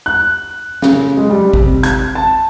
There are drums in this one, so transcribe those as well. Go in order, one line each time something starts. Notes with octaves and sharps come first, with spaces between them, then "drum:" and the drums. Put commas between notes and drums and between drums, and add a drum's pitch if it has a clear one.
F#6
C#3, drum: snare
G#3
G3
C3, drum: kick G#1
G#6, drum: hi-hat
A5